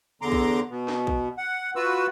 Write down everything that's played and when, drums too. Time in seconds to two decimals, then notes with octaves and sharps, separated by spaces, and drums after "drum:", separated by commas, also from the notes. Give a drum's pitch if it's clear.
0.22 E2 D3 A#5 C6 D6
0.32 drum: kick A#1
0.69 B2
0.88 drum: snare
1.07 drum: kick A#1
1.38 F#5
1.76 F4 F#4 B4 E6